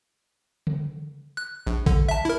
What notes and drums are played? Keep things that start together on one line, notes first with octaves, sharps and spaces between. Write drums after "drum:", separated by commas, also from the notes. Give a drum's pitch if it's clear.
drum: tom C#3
F#6
A#1
D3, drum: kick A1
E5 A5
E4 A#4